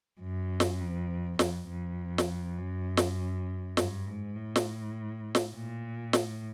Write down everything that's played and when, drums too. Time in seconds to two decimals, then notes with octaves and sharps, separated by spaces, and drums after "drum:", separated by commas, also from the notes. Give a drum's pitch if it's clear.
0.21 F#2
0.60 drum: snare
0.80 F2
1.39 F2, drum: snare
1.69 F2
2.18 drum: snare
2.58 F#2
2.97 drum: snare
3.77 G2, drum: snare
4.07 G#2
4.36 A2
4.56 drum: snare
5.35 drum: snare
5.54 A#2
6.13 A2, drum: snare